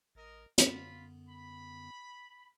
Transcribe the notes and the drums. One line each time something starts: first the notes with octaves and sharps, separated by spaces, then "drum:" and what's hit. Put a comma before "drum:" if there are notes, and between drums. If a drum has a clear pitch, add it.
A1 A#4 D#5
F#2 D3 B3 F4 B5, drum: hi-hat
B5